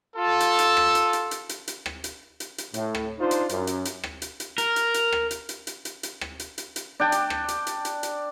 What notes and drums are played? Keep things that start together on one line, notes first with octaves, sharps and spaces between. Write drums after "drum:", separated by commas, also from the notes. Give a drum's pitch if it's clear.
F4 A4
drum: hi-hat
drum: hi-hat
drum: rim click
drum: hi-hat
drum: hi-hat
drum: hi-hat
drum: hi-hat
drum: hi-hat
drum: rim click
drum: hi-hat
drum: hi-hat
drum: hi-hat
A2, drum: hi-hat
drum: rim click
D4 D#4 F4 C5
drum: hi-hat
F#2, drum: hi-hat
drum: hi-hat
drum: hi-hat
drum: rim click
drum: hi-hat
drum: hi-hat
A#4, drum: hi-hat
drum: hi-hat
drum: hi-hat
drum: rim click
drum: hi-hat
drum: hi-hat
drum: hi-hat
drum: hi-hat
drum: hi-hat
drum: rim click
drum: hi-hat
drum: hi-hat
drum: hi-hat
D4 G5
drum: hi-hat
drum: rim click
drum: hi-hat
drum: hi-hat
drum: hi-hat
drum: hi-hat